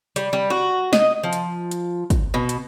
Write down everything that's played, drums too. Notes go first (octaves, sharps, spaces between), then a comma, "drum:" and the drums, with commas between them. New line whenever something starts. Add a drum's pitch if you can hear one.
G3, drum: hi-hat
G3
F#4
D#5, drum: snare
F3
drum: hi-hat
drum: hi-hat
drum: kick, hi-hat
B2
drum: hi-hat